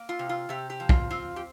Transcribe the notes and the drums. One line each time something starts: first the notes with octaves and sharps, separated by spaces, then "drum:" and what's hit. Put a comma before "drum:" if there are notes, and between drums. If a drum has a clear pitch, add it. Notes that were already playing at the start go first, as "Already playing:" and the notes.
Already playing: A#3
F4
C3
F4
C3 G4
G4
F3
F4, drum: kick
C4 F4
G4